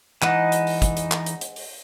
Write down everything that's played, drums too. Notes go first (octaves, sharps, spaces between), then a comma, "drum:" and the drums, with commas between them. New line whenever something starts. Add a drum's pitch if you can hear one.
E3 G#3 D#4 D#5 F#5, drum: clap
drum: hi-hat
drum: open hi-hat
drum: kick, hi-hat
drum: hi-hat
drum: clap
drum: hi-hat
drum: hi-hat
drum: open hi-hat